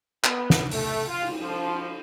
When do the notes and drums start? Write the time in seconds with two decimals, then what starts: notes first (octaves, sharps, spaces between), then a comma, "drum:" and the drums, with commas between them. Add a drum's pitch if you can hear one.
0.24 B3, drum: clap
0.50 drum: snare
0.71 A3, drum: open hi-hat
1.07 F4
1.22 drum: cymbal
1.41 F3